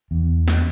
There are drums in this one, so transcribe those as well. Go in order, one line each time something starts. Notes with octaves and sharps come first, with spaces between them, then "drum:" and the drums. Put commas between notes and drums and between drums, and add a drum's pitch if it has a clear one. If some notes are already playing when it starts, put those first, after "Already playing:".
E2
drum: snare